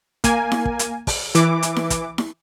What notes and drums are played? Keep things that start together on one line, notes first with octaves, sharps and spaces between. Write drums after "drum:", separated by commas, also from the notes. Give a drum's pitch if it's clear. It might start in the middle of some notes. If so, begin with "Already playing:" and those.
A#3 G#5, drum: kick, hi-hat
drum: snare E4
drum: kick
drum: hi-hat
drum: kick, open hi-hat
E3 D6, drum: hi-hat
drum: hi-hat
drum: snare E4
drum: kick, hi-hat
drum: snare E4